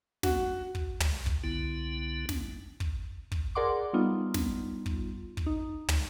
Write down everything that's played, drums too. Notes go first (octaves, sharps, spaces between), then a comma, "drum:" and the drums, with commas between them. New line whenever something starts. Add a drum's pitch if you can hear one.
F#4, drum: snare
drum: kick
drum: tom
drum: kick
C2 D3 B3 E4
drum: snare
drum: kick
drum: kick
G#4 A#4 D5 F#5 C6 D6
G3 B3 D#4 F4
drum: snare
drum: kick
drum: kick
D#4
drum: tom